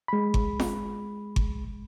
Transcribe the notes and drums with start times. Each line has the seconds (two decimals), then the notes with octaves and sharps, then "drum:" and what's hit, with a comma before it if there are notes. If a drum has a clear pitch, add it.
0.08 G#3 B5
0.34 drum: kick G1
0.60 drum: snare
1.36 drum: kick G1